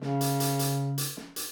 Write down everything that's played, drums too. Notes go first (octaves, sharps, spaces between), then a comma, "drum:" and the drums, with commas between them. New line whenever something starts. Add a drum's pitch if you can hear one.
C#3, drum: snare
drum: hi-hat
drum: hi-hat
drum: hi-hat
drum: hi-hat
drum: snare
drum: hi-hat